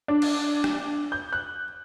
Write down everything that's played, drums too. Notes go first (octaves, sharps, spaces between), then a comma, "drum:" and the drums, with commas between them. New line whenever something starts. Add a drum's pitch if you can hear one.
D4
drum: cymbal
drum: rim click
G6
F#6